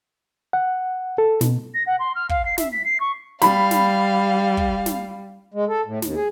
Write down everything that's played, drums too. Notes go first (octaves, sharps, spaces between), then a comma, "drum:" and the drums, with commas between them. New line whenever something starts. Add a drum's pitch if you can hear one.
F#5
A4
B2, drum: snare
A#6
F#5
C6
F6
F5, drum: kick
C7
E5, drum: snare
B6
C7
C#6
G3 F5 B5, drum: snare
drum: snare
drum: kick
drum: snare
G#3
A4
A2
D#2, drum: snare
G#4